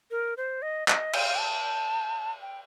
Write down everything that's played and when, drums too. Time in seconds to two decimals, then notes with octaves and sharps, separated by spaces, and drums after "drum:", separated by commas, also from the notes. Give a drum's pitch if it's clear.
0.11 A#4
0.37 C5
0.62 D#5
0.88 D#5, drum: clap
1.13 F5, drum: cymbal
1.39 A5
2.41 G5